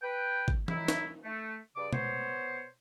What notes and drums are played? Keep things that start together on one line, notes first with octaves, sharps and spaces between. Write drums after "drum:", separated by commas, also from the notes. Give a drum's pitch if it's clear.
B4 G5
drum: kick
D#3 F#3 D#4 E4, drum: tom E3
drum: snare
A3
G2 C#3 D5 D6
B3 C5 C#5, drum: tom B2